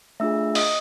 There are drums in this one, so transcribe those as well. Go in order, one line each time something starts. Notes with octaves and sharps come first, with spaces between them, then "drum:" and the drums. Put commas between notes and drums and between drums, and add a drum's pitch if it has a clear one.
A3 D4 F4 G#4 E5 E6
D#5 D#6, drum: open hi-hat